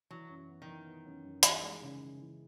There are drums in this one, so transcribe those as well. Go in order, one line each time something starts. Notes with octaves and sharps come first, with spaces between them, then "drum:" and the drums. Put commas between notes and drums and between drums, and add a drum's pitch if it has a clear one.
E3 F#3
F#2
B3
D#3
E3
B3
F#2
F#2
E3, drum: hi-hat
G#3
C#3
C#3
E3